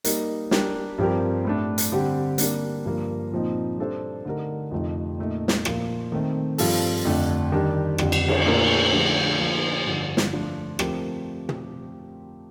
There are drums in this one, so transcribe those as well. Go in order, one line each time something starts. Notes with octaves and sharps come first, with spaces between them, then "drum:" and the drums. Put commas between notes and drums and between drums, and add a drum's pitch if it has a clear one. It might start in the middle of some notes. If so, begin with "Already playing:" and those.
G3 A#3 D#4 A#4, drum: hi-hat
G3 D4 G4 A#4, drum: snare
G2 F3 C4 G4 A#4
A2 A3 D4
drum: hi-hat
D3 G3 C4 G4
G3 A#3 D4, drum: hi-hat
G2 F3 A#3
A#2 F3 C4 D#4
G3 D4 A4 C5
D3 A3 D#4 G4 A#4
F2 C3 F3 A3 D#4
A#2 A3 D#4
drum: snare
A#2 F3 A#3 F4, drum: rim click
D#3 A3 C4
G2 F3 C4 F4 A4, drum: open hi-hat
F2 D3 A3 D4
D#3 G3 D4 G4
F2 D3 G3, drum: rim click
drum: cymbal
drum: cymbal
A#2 A3 D4 F4 A#4
D3 F3 A3 D4 G4
F3 A#3 F4
G2 D3 F3
drum: snare
F3 A3 D4 F4
F3 A3 C4 G4 A#4, drum: rim click
drum: tom